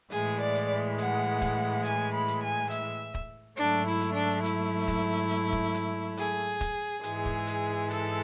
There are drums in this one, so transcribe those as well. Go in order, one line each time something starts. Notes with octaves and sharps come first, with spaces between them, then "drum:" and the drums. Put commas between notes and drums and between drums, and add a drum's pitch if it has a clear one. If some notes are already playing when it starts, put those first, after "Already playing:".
A2 E3 G#3 G#4, drum: hi-hat
D5
drum: hi-hat
F#5, drum: hi-hat
drum: kick, hi-hat
G#5, drum: hi-hat
B5
drum: hi-hat
G#5
E5, drum: hi-hat
drum: kick
G#2 F#3 A3 D4, drum: hi-hat
E4
drum: hi-hat
D4
E4, drum: hi-hat
drum: kick, hi-hat
drum: hi-hat
drum: kick
drum: hi-hat
G#4, drum: hi-hat
drum: kick, hi-hat
G#2 E3 G#3 G#4, drum: hi-hat
drum: kick
drum: hi-hat
A4, drum: hi-hat